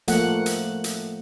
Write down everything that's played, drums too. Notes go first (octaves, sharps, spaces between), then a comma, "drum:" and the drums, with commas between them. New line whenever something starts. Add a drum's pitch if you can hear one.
F3 A3 A#3 F#5, drum: hi-hat
drum: hi-hat
drum: hi-hat